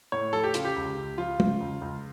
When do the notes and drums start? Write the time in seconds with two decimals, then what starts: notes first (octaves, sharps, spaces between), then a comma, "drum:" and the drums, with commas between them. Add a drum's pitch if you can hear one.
0.12 A2 C#5
0.33 F3 A4
0.44 G4
0.54 C#3 F4, drum: hi-hat
0.65 G4
0.76 C#2
0.96 C#2
1.18 F3 F4
1.40 C#3, drum: tom
1.60 C#2
1.81 C#2